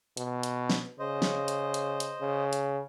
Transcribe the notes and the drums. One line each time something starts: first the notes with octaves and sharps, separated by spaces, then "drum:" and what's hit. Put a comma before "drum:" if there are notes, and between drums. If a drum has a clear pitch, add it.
B2, drum: hi-hat
drum: hi-hat
drum: snare
C#3 C5 D#5
drum: snare
drum: hi-hat
drum: hi-hat
drum: hi-hat
C#3
drum: hi-hat